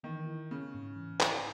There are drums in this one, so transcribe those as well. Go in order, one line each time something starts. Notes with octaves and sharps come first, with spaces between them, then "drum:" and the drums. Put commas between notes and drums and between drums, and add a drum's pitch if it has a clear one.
D#3 E3
E4
C#3 B3
G#2
E3
E4, drum: clap